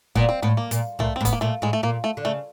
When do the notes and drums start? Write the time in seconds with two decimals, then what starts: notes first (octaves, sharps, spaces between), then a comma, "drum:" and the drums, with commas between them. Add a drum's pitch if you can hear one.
0.15 A#2 B3, drum: kick
0.29 C4
0.42 A2 B3
0.57 A#3
0.71 A#2, drum: hi-hat
0.99 A#2 A3, drum: tom C2
1.16 C4
1.21 A2
1.25 B3, drum: kick, hi-hat
1.33 A#3
1.41 A#2 A3
1.62 A2 G#3
1.73 A3
1.83 A#2 A#3
2.04 A3
2.17 D3
2.25 C#3 A3